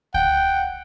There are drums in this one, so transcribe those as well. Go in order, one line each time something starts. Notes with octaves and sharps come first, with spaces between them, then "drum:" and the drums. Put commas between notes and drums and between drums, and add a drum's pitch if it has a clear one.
F#5 G5, drum: kick C#2